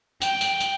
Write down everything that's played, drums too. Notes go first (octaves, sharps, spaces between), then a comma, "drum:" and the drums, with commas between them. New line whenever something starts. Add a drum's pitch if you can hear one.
G5, drum: tambourine
drum: tambourine
drum: tambourine